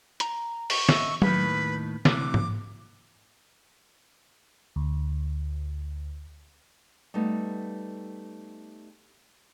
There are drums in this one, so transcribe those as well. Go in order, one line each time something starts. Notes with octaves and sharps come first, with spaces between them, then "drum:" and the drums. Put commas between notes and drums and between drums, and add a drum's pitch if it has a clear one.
A#5, drum: hi-hat
C#6, drum: open hi-hat
D#5 E5, drum: snare
D#2 A2 D#3 B4, drum: tom F#3
D2 C3 E3 D6, drum: snare
drum: tom G#2
D2
G3 A3 B3 D#4